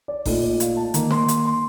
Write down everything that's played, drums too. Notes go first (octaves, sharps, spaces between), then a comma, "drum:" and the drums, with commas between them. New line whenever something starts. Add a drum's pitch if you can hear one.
D5
A#2 A3 D#4, drum: kick G1, open hi-hat
D5
F5, drum: hi-hat
A5
D#3 A#3 D#4 A#5, drum: hi-hat
C6, drum: snare
C6, drum: hi-hat
C6